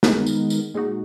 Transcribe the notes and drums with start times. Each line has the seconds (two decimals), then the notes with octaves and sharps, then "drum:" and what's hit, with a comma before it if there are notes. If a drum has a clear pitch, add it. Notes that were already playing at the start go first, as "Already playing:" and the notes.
0.03 D#3 G#3 B3 D#4 A#4, drum: snare
0.27 drum: tambourine
0.50 drum: tambourine
0.74 A#2 G#3 D#4 F#4